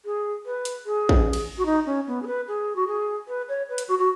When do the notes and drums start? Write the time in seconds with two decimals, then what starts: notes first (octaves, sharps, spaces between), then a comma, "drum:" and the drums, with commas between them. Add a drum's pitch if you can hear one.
0.05 G#4
0.45 B4
0.65 drum: hi-hat
0.86 G#4
1.09 drum: kick
1.33 drum: cymbal
1.57 F#4
1.65 D#4
1.86 C#4
2.07 B3
2.22 G#4
2.26 B4
2.47 G#4
2.75 F#4
2.87 G#4
3.28 B4
3.48 C#5
3.69 B4
3.78 drum: hi-hat
3.88 F#4
3.98 F#4